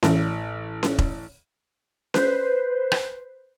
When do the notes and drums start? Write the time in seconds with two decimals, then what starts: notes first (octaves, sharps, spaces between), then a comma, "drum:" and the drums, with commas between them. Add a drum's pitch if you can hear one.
0.03 A1, drum: snare C#4
0.83 drum: snare C#4
0.99 drum: kick E1
2.14 B4 C5, drum: snare C#4
2.92 drum: rim click